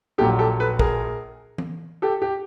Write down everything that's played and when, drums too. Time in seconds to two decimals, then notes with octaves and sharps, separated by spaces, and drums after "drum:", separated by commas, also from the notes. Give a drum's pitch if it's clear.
0.18 A#1 A#2 F#3 G4 A4
0.38 G4 A4
0.60 A4 B4
0.79 G#4 A#4, drum: kick
1.58 drum: tom E3
2.02 G4 A4
2.22 G4